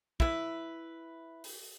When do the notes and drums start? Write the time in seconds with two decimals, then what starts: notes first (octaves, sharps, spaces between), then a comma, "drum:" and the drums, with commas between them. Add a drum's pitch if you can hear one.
0.20 E4 B4, drum: kick
1.44 drum: open hi-hat